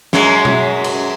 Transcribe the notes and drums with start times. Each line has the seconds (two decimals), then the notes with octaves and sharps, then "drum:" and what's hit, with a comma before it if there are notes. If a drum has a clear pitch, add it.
0.13 F#2 F#3 G#3, drum: snare
0.45 drum: tom
0.84 drum: cymbal